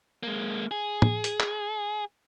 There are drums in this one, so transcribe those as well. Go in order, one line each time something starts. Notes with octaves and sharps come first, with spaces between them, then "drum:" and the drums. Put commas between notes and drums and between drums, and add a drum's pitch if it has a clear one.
G#3 A#3
G#4
drum: tom
drum: hi-hat
drum: clap